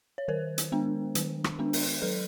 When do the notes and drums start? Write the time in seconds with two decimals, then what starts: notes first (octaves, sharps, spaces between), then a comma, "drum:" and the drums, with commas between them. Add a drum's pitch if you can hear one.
0.18 C#5
0.28 D#3 A#4 C5
0.58 drum: hi-hat
0.72 G#3 B3 D4
1.15 D#3, drum: hi-hat
1.44 drum: rim click
1.59 G#3 B3 D4
1.73 drum: open hi-hat
2.02 F#3 A4 B4